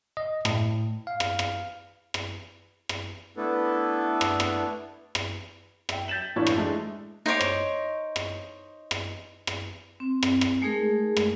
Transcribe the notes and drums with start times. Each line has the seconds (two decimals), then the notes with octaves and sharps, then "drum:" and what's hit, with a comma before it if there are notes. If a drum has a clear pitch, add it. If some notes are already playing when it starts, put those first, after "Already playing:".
0.17 D#5
0.45 A2, drum: rim click
1.07 F5
1.20 drum: rim click
1.39 drum: rim click
2.14 drum: rim click
2.89 drum: rim click
3.37 A3 B3 D4 E4 A4 B4
4.21 drum: rim click
4.40 drum: rim click
5.15 drum: rim click
5.89 E5 G5, drum: rim click
6.08 G6 A6 B6 E7 F#7
6.36 A2 E3 D4 F4 B4 C#5
6.47 drum: rim click
6.58 E3 G#3 A3 D4
7.26 D#4 C5 C#5 D6
7.41 drum: rim click
8.16 drum: rim click
8.91 drum: rim click
9.47 drum: rim click
10.00 C4
10.23 drum: rim click
10.41 drum: rim click
10.62 G#3 A3 D#4 G#4 A#4
11.17 drum: rim click